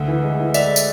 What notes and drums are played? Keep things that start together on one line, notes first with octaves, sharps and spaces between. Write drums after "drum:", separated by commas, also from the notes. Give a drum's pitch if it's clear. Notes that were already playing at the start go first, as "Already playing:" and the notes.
Already playing: D2 F#5
E3
G#3
E3
G#3 D5 E5, drum: tambourine
drum: tambourine